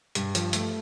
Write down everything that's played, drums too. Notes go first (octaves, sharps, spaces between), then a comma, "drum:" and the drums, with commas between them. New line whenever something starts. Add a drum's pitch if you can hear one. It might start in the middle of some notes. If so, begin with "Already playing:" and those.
G2, drum: hi-hat
F3, drum: hi-hat
A3, drum: hi-hat